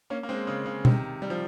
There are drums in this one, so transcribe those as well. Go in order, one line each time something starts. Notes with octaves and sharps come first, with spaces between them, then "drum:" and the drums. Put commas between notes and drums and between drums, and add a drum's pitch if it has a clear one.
A#3 C#4
A#3
G#3 C4
C#3
C#3
C3 D#3, drum: tom B2
G3
F3